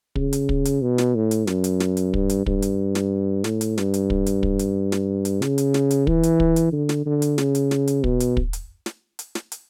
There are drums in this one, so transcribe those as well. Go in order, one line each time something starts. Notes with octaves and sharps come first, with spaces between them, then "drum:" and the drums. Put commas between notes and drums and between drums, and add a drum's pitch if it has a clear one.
C#3, drum: kick
drum: hi-hat
drum: kick
drum: hi-hat
B2
drum: snare
A2
drum: hi-hat
F#2, drum: snare
drum: hi-hat
drum: snare
drum: hi-hat
G2, drum: kick
drum: hi-hat
G2, drum: kick
drum: hi-hat
drum: snare
A2, drum: snare
drum: hi-hat
G2, drum: snare
drum: hi-hat
drum: kick
drum: hi-hat
drum: kick
drum: hi-hat
drum: snare
drum: hi-hat
C#3, drum: snare
drum: hi-hat
drum: snare
drum: hi-hat
E3, drum: kick
drum: hi-hat
drum: kick
drum: hi-hat
D3
drum: snare
D3
drum: hi-hat
C#3, drum: snare
drum: hi-hat
drum: snare
drum: hi-hat
B2, drum: kick
drum: hi-hat
drum: kick
drum: hi-hat
drum: snare
drum: hi-hat
drum: snare
drum: hi-hat